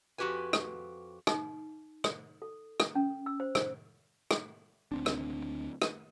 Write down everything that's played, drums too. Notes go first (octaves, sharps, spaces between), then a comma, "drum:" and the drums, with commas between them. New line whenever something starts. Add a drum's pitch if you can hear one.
F2 F#4 G4 B4 G#5
drum: rim click
D#4, drum: rim click
drum: rim click
A4
drum: rim click
C#4
E6
C5
C5, drum: rim click
drum: rim click
D2 C4 D4
drum: rim click
drum: rim click